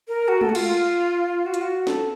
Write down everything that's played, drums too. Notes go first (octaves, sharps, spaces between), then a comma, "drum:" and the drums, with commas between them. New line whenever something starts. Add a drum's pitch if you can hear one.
A#4
F#4
A4, drum: tom G#3
F#4
F4, drum: cymbal
F#4
F4, drum: hi-hat
F#4
A4, drum: snare